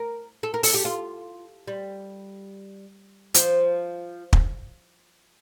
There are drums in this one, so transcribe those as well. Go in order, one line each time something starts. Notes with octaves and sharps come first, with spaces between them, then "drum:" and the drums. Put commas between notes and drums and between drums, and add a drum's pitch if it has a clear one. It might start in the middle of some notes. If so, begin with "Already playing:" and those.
Already playing: A#4
A4
A#4
A4, drum: open hi-hat
G4
F4
G3
F3, drum: hi-hat
drum: kick